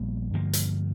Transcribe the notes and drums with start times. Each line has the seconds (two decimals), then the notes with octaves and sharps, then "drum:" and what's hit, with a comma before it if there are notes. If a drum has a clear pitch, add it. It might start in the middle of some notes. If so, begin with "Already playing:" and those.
Already playing: A#1 A#2 G3 B3
0.34 G2 D3 F3 A#3
0.53 drum: hi-hat